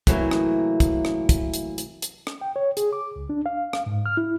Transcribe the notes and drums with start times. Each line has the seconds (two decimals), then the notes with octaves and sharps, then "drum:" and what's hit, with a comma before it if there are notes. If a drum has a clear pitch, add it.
0.07 C3 E3 F#3 A3 A#3, drum: kick, hi-hat
0.31 drum: rim click
0.80 drum: kick, hi-hat
1.05 drum: rim click
1.29 drum: kick, hi-hat
1.54 drum: hi-hat
1.78 drum: hi-hat
2.02 drum: hi-hat
2.27 drum: rim click
2.41 G5
2.56 C#5
2.77 G#4, drum: hi-hat
2.93 D6
3.16 C#2
3.30 D4
3.46 F5
3.73 drum: rim click
3.86 G#2
4.06 F6
4.17 E4